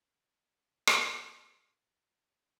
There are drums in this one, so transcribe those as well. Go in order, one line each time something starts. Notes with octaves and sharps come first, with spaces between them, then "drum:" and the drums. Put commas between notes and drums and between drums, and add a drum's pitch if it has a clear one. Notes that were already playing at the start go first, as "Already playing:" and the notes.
drum: rim click
B1
G#6
F5
D3